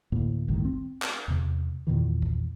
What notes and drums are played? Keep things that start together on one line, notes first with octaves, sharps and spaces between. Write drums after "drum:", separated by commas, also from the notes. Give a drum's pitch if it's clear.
D2 A2 A#3
G1 C2 A2 D#3
C4
drum: clap
E2 C3
E2 A#2 D#3 E3
drum: kick C2